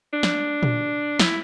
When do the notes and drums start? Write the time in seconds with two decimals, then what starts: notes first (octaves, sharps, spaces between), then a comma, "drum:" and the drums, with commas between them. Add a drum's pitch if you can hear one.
0.13 D4
0.23 drum: snare
0.63 drum: tom A#2
1.19 E4, drum: snare